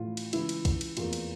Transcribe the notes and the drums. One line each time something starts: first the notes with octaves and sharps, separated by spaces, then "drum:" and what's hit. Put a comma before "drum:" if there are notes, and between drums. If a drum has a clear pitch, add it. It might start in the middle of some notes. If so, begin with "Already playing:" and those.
Already playing: A1 A2 F3 F4
drum: cymbal
C#2 C#3 E3 E4, drum: cymbal
drum: cymbal
drum: kick, cymbal
drum: cymbal
F1 E2 E3 A#3 F4, drum: cymbal
drum: cymbal